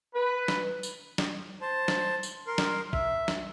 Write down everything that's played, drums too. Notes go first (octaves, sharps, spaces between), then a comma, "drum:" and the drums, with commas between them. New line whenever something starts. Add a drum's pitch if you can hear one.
B4
drum: snare
drum: tambourine
drum: snare
C5 A5
drum: snare
drum: tambourine
A#4 C6
drum: snare
E5, drum: kick
drum: snare